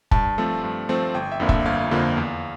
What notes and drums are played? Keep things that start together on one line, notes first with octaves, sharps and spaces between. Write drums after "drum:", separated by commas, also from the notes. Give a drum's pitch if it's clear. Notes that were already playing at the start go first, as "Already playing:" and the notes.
G2 A5, drum: kick
F3 A3 C4
G2
F3 A3 C4
G1 G5
E5
F2 D3 F3 A#3
E5, drum: kick
G1 F5
F2 D3 F3 A#3
E2